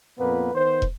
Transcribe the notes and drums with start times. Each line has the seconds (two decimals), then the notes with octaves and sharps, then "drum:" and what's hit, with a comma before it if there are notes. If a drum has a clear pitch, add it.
0.19 F2 A#2 A#3 B3 B4
0.55 D#3 B3 C5
0.82 drum: kick